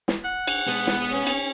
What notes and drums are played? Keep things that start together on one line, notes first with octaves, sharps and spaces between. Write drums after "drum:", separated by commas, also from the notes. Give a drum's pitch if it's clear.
drum: snare
F#5
drum: cymbal
B2 G#3 B3
drum: snare
C#4
drum: cymbal